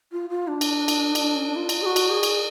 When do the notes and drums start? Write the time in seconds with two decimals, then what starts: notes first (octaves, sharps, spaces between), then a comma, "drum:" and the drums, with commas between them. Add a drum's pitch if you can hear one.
0.12 F4
0.30 F4
0.48 D4
0.61 drum: cymbal
0.88 drum: cymbal
1.15 drum: cymbal
1.35 C#4
1.46 D4
1.56 F4
1.69 drum: cymbal
1.82 G#4
1.86 F#4
1.96 drum: cymbal
2.10 G#4
2.23 drum: cymbal